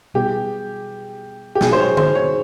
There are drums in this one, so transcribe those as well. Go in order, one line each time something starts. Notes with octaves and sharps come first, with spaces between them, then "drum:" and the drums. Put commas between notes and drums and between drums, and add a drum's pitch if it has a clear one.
B2 G3 B3 E4 G4 G#4
G4
B2 G#3 B3 D#4 F#4 G#4, drum: snare
C5
C#5
C5, drum: tom D3
C#5